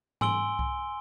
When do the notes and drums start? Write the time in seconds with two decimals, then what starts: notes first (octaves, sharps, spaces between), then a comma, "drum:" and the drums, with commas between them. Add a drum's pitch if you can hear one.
0.21 G#5 C6 E6 D7 G7, drum: tom G#2
0.59 drum: kick C2